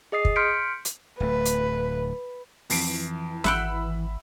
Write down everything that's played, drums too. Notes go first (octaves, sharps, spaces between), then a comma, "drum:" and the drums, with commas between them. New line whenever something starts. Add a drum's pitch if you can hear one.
G#4 D#5 D#6 C7
drum: kick
C6 F6 G6 B6 C#7 D7
drum: hi-hat
D1 A3 B4
drum: hi-hat
F2 E3 C7 D7, drum: open hi-hat
G#1 E5 F#5 G5 B5 E6, drum: snare